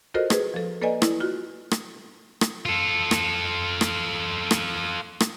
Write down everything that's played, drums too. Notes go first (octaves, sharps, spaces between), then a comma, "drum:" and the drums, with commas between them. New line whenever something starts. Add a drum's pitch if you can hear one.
F4 F#4 A4 A#4 C5 D#5
G#4 B4, drum: rim click
F3 A4
A#3 A4 B4 D5 D#5 G#5
E4, drum: rim click
F4 F#4
drum: rim click
drum: rim click
F4 A4
drum: rim click
drum: rim click
drum: rim click
drum: rim click